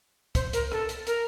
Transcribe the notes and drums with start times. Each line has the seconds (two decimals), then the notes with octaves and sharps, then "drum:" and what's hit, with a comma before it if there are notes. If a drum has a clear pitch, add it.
0.35 C5, drum: kick, hi-hat
0.53 A#4, drum: hi-hat
0.72 A4, drum: rim click
0.89 drum: hi-hat
1.07 A#4, drum: hi-hat